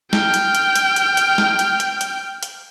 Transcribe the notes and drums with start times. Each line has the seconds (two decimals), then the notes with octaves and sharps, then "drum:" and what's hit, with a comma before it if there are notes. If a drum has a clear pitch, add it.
0.13 G5 F6, drum: snare
0.34 drum: hi-hat
0.55 drum: hi-hat
0.75 drum: hi-hat
0.96 drum: hi-hat
1.17 drum: hi-hat
1.38 drum: snare
1.59 drum: hi-hat
1.80 drum: hi-hat
2.01 drum: hi-hat
2.43 drum: hi-hat